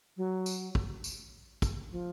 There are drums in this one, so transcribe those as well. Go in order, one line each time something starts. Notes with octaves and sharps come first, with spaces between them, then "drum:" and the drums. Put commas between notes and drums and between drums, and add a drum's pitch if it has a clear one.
F#3
drum: tambourine
drum: kick
drum: tambourine
drum: kick, tambourine
F3